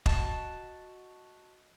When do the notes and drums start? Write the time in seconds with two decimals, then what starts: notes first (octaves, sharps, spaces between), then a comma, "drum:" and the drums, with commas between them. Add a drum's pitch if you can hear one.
0.06 F#4 D#5 A5, drum: kick